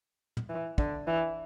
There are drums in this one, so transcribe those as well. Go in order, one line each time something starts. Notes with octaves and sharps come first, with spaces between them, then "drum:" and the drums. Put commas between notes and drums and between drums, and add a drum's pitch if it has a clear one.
drum: tom
E3
D3, drum: kick
E3